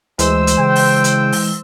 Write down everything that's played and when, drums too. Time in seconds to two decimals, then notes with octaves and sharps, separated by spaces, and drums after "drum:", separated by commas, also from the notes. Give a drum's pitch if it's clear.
0.19 D2 E3 G#3 C5 E6, drum: hi-hat
0.47 drum: hi-hat
0.59 C#3 G5
0.76 drum: open hi-hat
1.04 drum: hi-hat
1.32 drum: open hi-hat